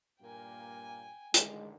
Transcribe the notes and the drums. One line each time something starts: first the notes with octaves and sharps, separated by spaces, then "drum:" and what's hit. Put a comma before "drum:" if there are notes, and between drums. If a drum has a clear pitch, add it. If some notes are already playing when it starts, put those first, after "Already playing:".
G2 A#2 A#3 G5 G#5
A1 D3 D#3 G#3, drum: hi-hat